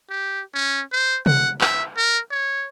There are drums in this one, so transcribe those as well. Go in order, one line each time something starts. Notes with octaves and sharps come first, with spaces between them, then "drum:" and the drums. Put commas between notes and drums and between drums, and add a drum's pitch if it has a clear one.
G4
C#4
C5
F#5, drum: tom C3
E5, drum: clap
A#4
C#5